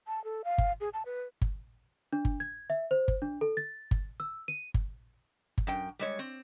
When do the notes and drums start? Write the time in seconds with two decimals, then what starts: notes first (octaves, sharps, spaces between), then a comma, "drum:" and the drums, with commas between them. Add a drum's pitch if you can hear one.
0.07 A5
0.24 A4
0.44 F5
0.58 drum: kick G1
0.81 G#4
0.94 A5
1.06 B4
1.42 drum: kick G1
2.13 D4
2.25 drum: kick G1
2.40 G#6
2.70 E5
2.91 C5
3.08 drum: kick G1
3.22 D4
3.41 A4
3.57 A6
3.91 drum: kick G1
4.20 E6
4.48 D#7
4.74 drum: kick G1
5.58 drum: kick G1
5.67 F#2 G5
5.99 G3 G#3 C#5
6.19 C4